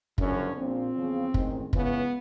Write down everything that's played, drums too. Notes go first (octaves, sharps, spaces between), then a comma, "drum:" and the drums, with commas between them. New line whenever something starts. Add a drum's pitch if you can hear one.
F#1 F#2 D3 F3 C#4, drum: kick
A#1 A#2 F3 C4
E2 C#3 F3
A1 G#2 D#3, drum: kick
C#2 C#3 E3 B3, drum: kick